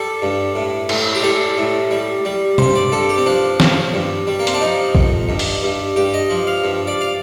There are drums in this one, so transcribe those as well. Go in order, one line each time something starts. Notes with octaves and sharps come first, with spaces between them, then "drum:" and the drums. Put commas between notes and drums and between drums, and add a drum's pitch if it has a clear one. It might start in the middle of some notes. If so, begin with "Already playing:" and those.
Already playing: G3 A4
G2
A2
A2, drum: cymbal
G4
G3 A4
A2
G3
G3
G2 C5, drum: tom B2
D5
G2 A4
G4
C4
F3 D4
F3, drum: snare
G2
G3
A#3
C4, drum: hi-hat
D4
F3 D#4
F2, drum: kick
G2
drum: open hi-hat
G2
G2 G4
D#5
F3
F5
G2
D5
F5